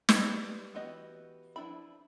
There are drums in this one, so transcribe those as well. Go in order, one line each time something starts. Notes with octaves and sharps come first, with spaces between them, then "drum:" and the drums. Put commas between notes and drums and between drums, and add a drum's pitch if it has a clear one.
G3 B3 A5 B5, drum: snare
E3 B3 F#4 G4 D#5
F3 A#3 D4 E4 B5